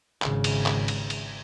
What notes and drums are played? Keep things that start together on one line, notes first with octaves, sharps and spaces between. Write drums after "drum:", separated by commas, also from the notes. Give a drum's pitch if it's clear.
G#1 C#3, drum: clap
drum: cymbal
drum: clap
drum: cymbal
drum: cymbal